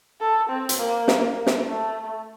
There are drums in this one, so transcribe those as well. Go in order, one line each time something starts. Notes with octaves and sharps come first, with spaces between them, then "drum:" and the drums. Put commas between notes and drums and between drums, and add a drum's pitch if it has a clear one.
A4
C4
drum: hi-hat
A#3
drum: snare
drum: snare
A3